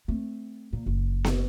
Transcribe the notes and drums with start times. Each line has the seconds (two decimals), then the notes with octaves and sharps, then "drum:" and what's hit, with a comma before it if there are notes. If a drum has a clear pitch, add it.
0.08 A3 C4
0.73 A#2
0.86 F#1
1.24 drum: snare B3